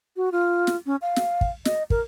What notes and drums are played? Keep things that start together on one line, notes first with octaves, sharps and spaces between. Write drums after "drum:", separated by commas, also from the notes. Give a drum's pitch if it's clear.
F#4
F4
drum: snare
C#4
F5
drum: snare
drum: kick
D#5, drum: snare
A#4, drum: kick